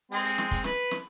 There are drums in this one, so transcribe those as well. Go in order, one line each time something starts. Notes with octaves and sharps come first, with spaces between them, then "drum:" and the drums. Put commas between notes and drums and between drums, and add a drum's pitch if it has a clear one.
G#3 C4, drum: open hi-hat
drum: hi-hat
drum: snare
drum: kick, hi-hat
B4, drum: snare
drum: snare